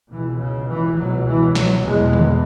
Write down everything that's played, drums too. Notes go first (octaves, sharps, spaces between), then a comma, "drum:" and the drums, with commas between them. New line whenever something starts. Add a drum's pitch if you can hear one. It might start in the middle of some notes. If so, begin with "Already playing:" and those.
C#2 B2 E3
C#3
E3
C#2 B2 F#3
E3
F#3, drum: snare
E2 B2 G#3
drum: tom D3